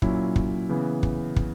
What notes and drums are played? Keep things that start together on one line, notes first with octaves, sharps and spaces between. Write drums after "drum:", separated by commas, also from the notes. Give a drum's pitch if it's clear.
A#2 F#3 C#4 E4, drum: kick
drum: kick
C#3 E3 B3
drum: kick
drum: kick